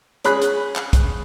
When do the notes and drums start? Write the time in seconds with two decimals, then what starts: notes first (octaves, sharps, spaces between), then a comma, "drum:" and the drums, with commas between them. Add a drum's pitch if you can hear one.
0.25 C#4 G#4 B5 F#6, drum: hi-hat
0.42 drum: hi-hat
0.76 drum: clap
0.93 drum: kick, hi-hat